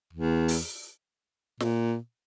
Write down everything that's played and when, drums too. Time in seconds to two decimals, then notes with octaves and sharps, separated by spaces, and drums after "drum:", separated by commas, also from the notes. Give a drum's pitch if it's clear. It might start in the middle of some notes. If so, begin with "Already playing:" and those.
0.13 E2
0.48 drum: open hi-hat
1.60 A#2, drum: snare